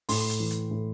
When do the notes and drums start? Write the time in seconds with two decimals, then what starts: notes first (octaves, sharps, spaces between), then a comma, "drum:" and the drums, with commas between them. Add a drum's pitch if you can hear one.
0.09 A2 C6, drum: open hi-hat
0.30 drum: hi-hat
0.40 E3
0.51 drum: hi-hat
0.71 A2